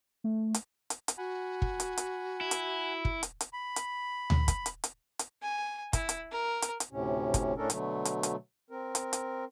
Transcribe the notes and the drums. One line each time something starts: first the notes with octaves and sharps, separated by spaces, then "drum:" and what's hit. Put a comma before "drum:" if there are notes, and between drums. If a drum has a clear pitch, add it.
A3
drum: hi-hat
drum: hi-hat
drum: hi-hat
F#4 F#5 G#5 B5
drum: kick
drum: hi-hat
drum: hi-hat
E4
drum: hi-hat
drum: kick
drum: hi-hat
drum: hi-hat
B5
drum: hi-hat
drum: tom D2
drum: kick, hi-hat
drum: hi-hat
drum: hi-hat
drum: hi-hat
G#5
E4, drum: kick, hi-hat
drum: hi-hat
A#4
drum: hi-hat
drum: hi-hat
D2 A2 C3 C#4
drum: kick, hi-hat
A2 A3 C#4 D4 A4 A#4
B2 D3 F#3 A3, drum: hi-hat
drum: hi-hat
drum: hi-hat
C4 A#4
drum: hi-hat
drum: hi-hat